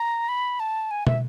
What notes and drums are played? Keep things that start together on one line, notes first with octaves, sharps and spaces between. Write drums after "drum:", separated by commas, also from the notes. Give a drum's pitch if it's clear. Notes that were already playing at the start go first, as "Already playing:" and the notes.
Already playing: A#5
B5
A5
G#5
E5, drum: tom